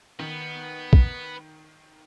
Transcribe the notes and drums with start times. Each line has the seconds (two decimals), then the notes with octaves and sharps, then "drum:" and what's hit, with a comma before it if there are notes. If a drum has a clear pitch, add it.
0.19 D#3 B3
0.93 drum: kick